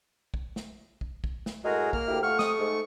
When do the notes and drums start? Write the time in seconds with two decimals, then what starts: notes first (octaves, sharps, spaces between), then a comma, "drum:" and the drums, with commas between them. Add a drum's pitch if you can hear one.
0.34 drum: kick
0.56 drum: snare
1.01 drum: kick
1.24 drum: kick
1.46 drum: snare
1.65 F#2 A2 G#3 F#4 G#4 A#4
1.93 A#3 F6, drum: kick
2.08 D2 E4 G4
2.23 A3 F4 F#5 C#6 F6
2.39 C4 D#6, drum: snare
2.59 G#2